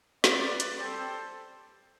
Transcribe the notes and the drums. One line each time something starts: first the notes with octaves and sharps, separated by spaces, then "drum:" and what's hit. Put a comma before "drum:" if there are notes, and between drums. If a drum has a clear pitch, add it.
B3 F4 B4 D5, drum: snare
drum: hi-hat
G3 C4 G4 A4 C5